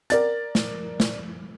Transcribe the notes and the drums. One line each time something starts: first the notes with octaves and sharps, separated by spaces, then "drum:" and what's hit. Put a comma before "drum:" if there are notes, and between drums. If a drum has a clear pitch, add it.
A#4 D5 A6, drum: hi-hat
drum: snare
drum: snare